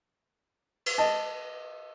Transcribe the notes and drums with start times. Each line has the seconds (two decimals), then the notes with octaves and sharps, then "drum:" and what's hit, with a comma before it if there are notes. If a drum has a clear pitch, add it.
0.86 drum: cymbal
0.98 D#5 A5